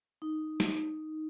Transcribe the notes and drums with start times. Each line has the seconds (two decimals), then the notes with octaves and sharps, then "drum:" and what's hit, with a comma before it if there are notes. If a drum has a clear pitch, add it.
0.22 D#4
0.60 drum: snare